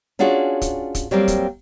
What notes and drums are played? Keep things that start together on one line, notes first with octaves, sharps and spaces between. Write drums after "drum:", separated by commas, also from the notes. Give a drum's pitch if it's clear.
C#4 D4 F4 F#4 G#4
drum: kick, hi-hat
drum: kick, hi-hat
F#3 G3 A#3 C4
drum: kick, hi-hat